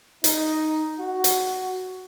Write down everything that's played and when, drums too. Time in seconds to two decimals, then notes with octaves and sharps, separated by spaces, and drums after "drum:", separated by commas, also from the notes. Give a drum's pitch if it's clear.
0.24 D#4, drum: hi-hat
1.00 F#4
1.24 drum: hi-hat